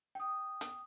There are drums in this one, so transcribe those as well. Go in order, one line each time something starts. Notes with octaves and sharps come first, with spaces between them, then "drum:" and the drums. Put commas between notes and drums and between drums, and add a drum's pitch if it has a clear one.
G5 D#6
drum: hi-hat